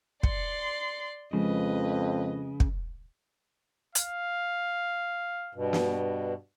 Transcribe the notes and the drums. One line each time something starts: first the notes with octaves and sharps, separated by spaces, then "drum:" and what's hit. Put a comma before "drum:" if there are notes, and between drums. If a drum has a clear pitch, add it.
D5 C6 C#7, drum: kick
F2 C#3 F3 G#3 B4 D#5
drum: kick
F5, drum: hi-hat
G2 B2
drum: snare